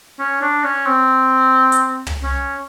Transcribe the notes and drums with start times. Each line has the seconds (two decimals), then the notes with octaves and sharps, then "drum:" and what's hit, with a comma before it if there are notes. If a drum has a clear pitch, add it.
0.19 C#4
0.41 D4
0.64 C#4
0.86 C4
1.72 drum: hi-hat
2.07 drum: tom
2.23 C#4